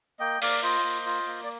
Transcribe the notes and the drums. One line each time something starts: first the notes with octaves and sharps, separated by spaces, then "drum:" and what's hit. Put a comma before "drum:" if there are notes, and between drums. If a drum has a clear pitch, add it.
A#3 D#5 G5
A#3 D5 F5, drum: open hi-hat
F4 C5 D#5
A#3
F4
A#3
D5